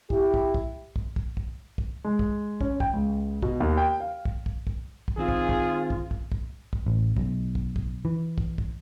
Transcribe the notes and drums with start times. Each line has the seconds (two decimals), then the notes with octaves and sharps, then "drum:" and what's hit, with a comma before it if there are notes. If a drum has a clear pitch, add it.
0.10 E4 G4, drum: kick
0.34 drum: kick
0.54 drum: kick
0.96 drum: kick
1.16 drum: kick
1.37 drum: kick
1.78 drum: kick
2.04 G#3
2.19 drum: kick
2.61 C#4, drum: kick
2.80 G5, drum: kick
2.93 C#2
3.42 B2, drum: kick
3.60 D#2
3.77 G5
4.00 F5
4.25 drum: kick
4.46 drum: kick
4.67 drum: kick
5.08 drum: kick
5.17 D#3 C4 F4 G#4
5.29 drum: kick
5.49 drum: kick
5.90 drum: kick
6.11 drum: kick
6.32 drum: kick
6.73 drum: kick
6.86 A1
7.17 B1, drum: kick
7.55 drum: kick
7.76 drum: kick
8.05 E3
8.38 drum: kick
8.58 drum: kick